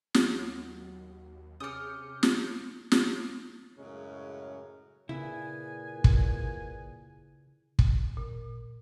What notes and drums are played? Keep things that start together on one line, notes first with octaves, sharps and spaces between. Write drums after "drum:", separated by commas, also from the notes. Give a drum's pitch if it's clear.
D#2 F#3, drum: snare
C3 C#4 G#4 D6 D#6 F6 G6 C#7
drum: snare
drum: snare
F#2 A2 C#3 G#3 C#4 A#4
A#2 C#3 E4 G#4 B4 G#5
drum: kick
drum: kick
A#2